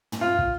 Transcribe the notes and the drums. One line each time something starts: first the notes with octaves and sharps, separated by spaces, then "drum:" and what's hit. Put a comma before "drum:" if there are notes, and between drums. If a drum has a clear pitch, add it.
drum: tom
F4
drum: kick